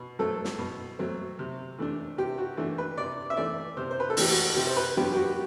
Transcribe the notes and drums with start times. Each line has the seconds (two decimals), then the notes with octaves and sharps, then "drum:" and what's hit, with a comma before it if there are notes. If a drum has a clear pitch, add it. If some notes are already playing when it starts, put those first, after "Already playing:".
Already playing: B2
0.19 F#3 A3 C4 A4
0.45 drum: snare
0.58 B2
0.99 F#3 A3 C4
1.39 C3
1.78 E3 A3 D4
2.18 C3 G4
2.38 F#4
2.57 E3 A3 D4
2.78 B4
2.97 C3 D5
3.30 E5
3.37 E3 A3 D5
3.77 C3 C5
3.91 C5
4.00 B4
4.10 A4
4.17 E3 A3 G4, drum: open hi-hat
4.31 F#4
4.56 C3 G4
4.67 C5
4.77 B4
4.97 F#3 B3 D4 G4
5.12 G4
5.16 F#4